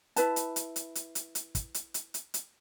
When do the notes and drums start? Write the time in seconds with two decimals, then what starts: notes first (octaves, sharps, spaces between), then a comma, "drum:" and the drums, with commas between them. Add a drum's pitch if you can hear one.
0.16 E4 B4 A5, drum: hi-hat
0.36 drum: hi-hat
0.56 drum: hi-hat
0.76 drum: hi-hat
0.95 drum: hi-hat
1.15 drum: hi-hat
1.35 drum: hi-hat
1.55 drum: kick, hi-hat
1.74 drum: hi-hat
1.94 drum: hi-hat
2.14 drum: hi-hat
2.34 drum: hi-hat